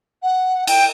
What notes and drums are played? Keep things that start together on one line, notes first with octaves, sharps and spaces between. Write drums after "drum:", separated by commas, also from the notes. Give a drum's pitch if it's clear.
F#5
G5, drum: cymbal